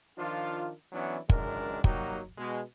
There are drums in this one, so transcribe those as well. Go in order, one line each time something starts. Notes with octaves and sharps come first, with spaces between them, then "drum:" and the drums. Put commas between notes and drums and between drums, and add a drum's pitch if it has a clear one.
D#3 F3 D4 F4
E3 F#3 B3 C#4 D4 E4
C#2 F#2 D#3 G#3 D4 A#4, drum: kick
F#3 G3 A#3 D#4 F#4 G4, drum: kick
B2 G#3